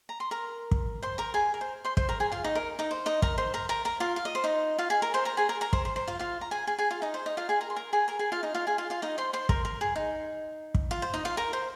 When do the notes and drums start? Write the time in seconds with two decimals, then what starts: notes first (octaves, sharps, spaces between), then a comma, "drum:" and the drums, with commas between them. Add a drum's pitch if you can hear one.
0.09 A#5
0.20 C6
0.31 A#4 A#5
0.71 drum: kick
1.02 C5 C6
1.18 A#4 A#5
1.34 G#4 G#5
1.54 A#4
1.61 C5
1.85 C5 C6
1.97 C5 C6, drum: kick
2.09 A#4 A#5
2.20 G#4 G#5
2.32 F4 F5
2.44 D#4 D#5
2.55 A#4
2.79 D#4 D#5
2.91 C5
3.06 D#4 D#5
3.22 A#4 A#5, drum: kick
3.38 C5 C6
3.54 A#4 A#5
3.69 A#4 A#5
3.85 A#4 A#5
4.00 F4 F5
4.16 F5
4.25 D#5
4.35 C5
4.44 D#4 D#5
4.78 F4 F5
4.90 G#4 G#5
5.02 A#4 A#5
5.14 C5 C6
5.25 A#4 A#5
5.37 G#4 G#5
5.49 A#4 A#5
5.61 A#4 A#5
5.73 C5, drum: kick
5.85 C5
5.96 C5
6.07 F4 F5
6.19 F4 F5
6.41 A#5
6.51 G#4 G#5
6.67 G#4 G#5
6.78 G#4 G#5
6.91 F4 F5
7.02 D#4 D#5
7.14 C5
7.26 D#4 D#5
7.37 F4 F5
7.49 G#4 G#5
7.61 A#4 A#5
7.70 C6
7.76 A#4 A#5
7.93 G#4 G#5
8.08 A#4 A#5
8.19 G#4 G#5
8.32 F4 F5
8.43 D#4 D#5
8.54 F4 F5
8.67 G#4 G#5
8.78 F4 F5
8.90 F4 F5
9.02 D#4 D#5
9.18 C5 C6
9.33 C5 C6
9.49 A#4, drum: kick
9.65 A#4
9.81 G#4
9.96 D#4
10.75 drum: kick
10.91 F4
11.02 C5
11.14 D#4 D#5
11.25 F4 F5
11.37 A#4 A#5
11.53 C5 C6